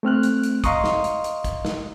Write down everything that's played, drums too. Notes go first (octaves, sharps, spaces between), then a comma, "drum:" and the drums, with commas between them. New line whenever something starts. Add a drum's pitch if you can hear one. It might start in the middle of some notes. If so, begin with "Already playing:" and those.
A3 C4 F6 F#6
drum: hi-hat
drum: hi-hat
D#5 F5 A#5 C6 C#6 D#6, drum: kick, hi-hat
drum: snare
drum: hi-hat
drum: hi-hat
drum: kick, hi-hat
drum: snare